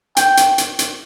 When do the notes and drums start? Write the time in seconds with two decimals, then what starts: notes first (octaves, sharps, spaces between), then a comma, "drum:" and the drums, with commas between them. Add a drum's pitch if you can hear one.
0.17 G5, drum: hi-hat
0.37 drum: hi-hat
0.58 drum: hi-hat
0.79 drum: hi-hat